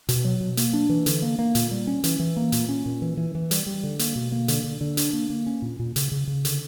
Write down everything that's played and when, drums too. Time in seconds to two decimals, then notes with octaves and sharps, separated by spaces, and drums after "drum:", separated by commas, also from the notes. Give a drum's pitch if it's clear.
0.09 B2, drum: hi-hat
0.24 F#3
0.41 B2
0.57 A#3, drum: hi-hat
0.73 D4
0.89 E3
1.06 D3, drum: hi-hat
1.22 A#3
1.39 A#3
1.55 A#2, drum: hi-hat
1.71 G3
1.87 C#4
2.04 E3, drum: hi-hat
2.19 E3
2.37 A#3
2.52 A#2, drum: hi-hat
2.69 C#4
2.86 A#2
3.02 E3
3.17 E3
3.35 E3
3.51 G3, drum: hi-hat
3.66 G3
3.83 D3
3.99 A#3, drum: hi-hat
4.16 B2
4.32 A#3
4.48 D3, drum: hi-hat
4.64 D3
4.81 D3
4.97 D4, drum: hi-hat
5.13 A#3
5.30 A#3
5.46 C#4
5.62 A#2
5.79 A#2
5.96 C#3, drum: hi-hat
6.12 C#3
6.27 C#3
6.45 D3, drum: hi-hat